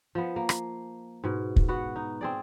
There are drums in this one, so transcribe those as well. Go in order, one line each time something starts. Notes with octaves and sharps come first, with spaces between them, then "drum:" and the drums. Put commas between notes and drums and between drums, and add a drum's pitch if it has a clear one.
F3 B3
A#3
drum: rim click
G#2 B2
drum: kick
B3 F#4
D#4
C4 G#4 D5